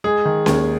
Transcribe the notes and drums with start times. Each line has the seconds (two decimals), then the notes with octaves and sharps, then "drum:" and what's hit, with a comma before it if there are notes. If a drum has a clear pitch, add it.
0.04 G#3 G#4
0.25 D#3
0.46 D#2, drum: snare C#4